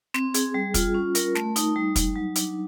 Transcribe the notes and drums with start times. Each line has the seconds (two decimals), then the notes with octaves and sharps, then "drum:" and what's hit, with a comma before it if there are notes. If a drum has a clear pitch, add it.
0.14 C4, drum: snare
0.34 G#4, drum: hi-hat
0.54 G3
0.74 F4, drum: kick, hi-hat
0.94 C#4
1.15 A#4, drum: hi-hat
1.35 A3, drum: snare
1.56 D#4, drum: hi-hat
1.76 G3
1.96 D#4, drum: kick, hi-hat
2.16 F#3
2.35 D4, drum: hi-hat